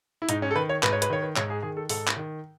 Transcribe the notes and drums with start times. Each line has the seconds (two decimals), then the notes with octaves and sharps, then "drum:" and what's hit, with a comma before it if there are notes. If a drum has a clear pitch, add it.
0.22 E4
0.29 G#2 D#4, drum: hi-hat
0.42 C#4
0.51 A4
0.55 D#3 B4
0.69 C#5
0.83 G#2 B4, drum: clap
0.93 C#5
1.02 B4, drum: hi-hat
1.10 D#3 C#5
1.22 B4
1.36 G#2 C#5, drum: clap
1.50 G#4
1.62 D#3 G#4
1.77 A4
1.89 G#2 A4, drum: open hi-hat
2.07 drum: clap
2.16 D#3